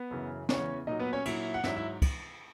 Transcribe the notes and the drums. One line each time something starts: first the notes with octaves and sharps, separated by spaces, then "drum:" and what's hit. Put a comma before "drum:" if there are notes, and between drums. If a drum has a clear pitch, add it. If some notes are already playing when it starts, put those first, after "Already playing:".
Already playing: B3 B4
F#2 C#3 E3
E2 C#3 E3 C#4 C#5, drum: snare
A#2 F#3 D#4 D#5
B3 B4
C#4 C#5
A#2 F#3 E4 E5, drum: cymbal
F#5
G#2 F#3 E4 E5, drum: snare
E4 E5
drum: kick, cymbal